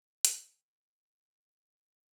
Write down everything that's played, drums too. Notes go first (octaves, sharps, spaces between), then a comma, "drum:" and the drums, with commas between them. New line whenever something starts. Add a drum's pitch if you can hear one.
E3 B4 G5 D6 F6, drum: hi-hat